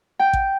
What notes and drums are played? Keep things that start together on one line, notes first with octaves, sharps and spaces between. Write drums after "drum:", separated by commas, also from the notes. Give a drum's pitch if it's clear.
G5
drum: kick A1